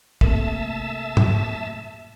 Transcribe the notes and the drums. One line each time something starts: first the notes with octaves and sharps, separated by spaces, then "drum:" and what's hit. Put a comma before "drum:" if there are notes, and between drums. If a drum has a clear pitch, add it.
C3 A3 A#3 E5 A5, drum: kick
drum: tom